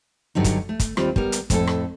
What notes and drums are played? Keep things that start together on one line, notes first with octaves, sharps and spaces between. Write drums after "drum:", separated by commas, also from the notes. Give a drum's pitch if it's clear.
G2 D3 F#3 D#4
drum: kick, hi-hat
A3
drum: kick, hi-hat
D#2 G3 C4 F4, drum: rim click
G3 B3 A#4, drum: kick
drum: hi-hat
F2 A2 G#4 A4, drum: kick, hi-hat
drum: rim click